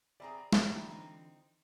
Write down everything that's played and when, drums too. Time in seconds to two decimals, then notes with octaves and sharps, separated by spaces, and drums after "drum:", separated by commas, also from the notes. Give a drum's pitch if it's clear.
0.20 G3 C4 G#4 D5 E5 G#5 A#5 B5
0.52 G2 D3 E3 E4 F4 G4, drum: snare
0.90 C4 D#4